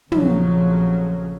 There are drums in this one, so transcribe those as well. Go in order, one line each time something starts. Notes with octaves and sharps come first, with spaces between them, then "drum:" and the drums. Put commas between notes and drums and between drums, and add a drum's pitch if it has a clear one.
A#1 F2 C#3 F3 F#3, drum: tom